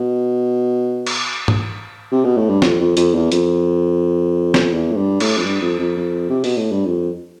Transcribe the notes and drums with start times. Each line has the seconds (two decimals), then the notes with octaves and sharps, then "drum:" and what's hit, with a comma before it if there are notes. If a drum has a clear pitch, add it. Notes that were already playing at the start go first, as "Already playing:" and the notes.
Already playing: B2
1.07 drum: cymbal
1.48 drum: tom G#2
2.12 C3
2.24 B2
2.37 A2
2.49 G2
2.62 F2, drum: snare
2.80 F2
2.97 F2, drum: hi-hat
3.14 E2
3.32 F2, drum: hi-hat
4.54 drum: snare
4.73 E2
4.91 A2
4.97 G2
5.20 A2, drum: cymbal
5.37 F2
5.44 G2
5.61 F2
5.79 F2
5.97 F2
6.30 C3
6.44 B2, drum: open hi-hat
6.57 A2
6.71 G2
6.85 F2